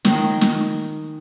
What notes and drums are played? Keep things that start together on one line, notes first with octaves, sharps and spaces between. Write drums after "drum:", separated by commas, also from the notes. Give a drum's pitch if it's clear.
D#3 G#4 D#5, drum: snare
drum: snare